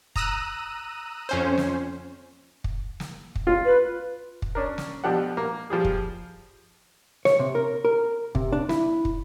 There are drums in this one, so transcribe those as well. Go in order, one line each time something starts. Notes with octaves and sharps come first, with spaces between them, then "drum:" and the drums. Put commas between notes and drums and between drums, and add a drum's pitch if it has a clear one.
A#5 D#6 E6 F#6 D#7, drum: kick
F2 C#4 C5
drum: snare
drum: kick
drum: snare
drum: kick
F4
B4
drum: kick
C#4 D4 A#4
drum: snare
B2 F3 D4 G4 A4 F#5
A#3
F3 G3 G#4
drum: kick
C#5, drum: snare
C3
A#4
A#4
C3, drum: kick
D4
E4, drum: snare
drum: kick